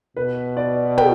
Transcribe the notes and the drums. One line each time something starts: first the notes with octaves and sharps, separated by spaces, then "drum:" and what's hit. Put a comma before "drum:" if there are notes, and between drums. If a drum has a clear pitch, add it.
B2 B4
D5
G5, drum: tom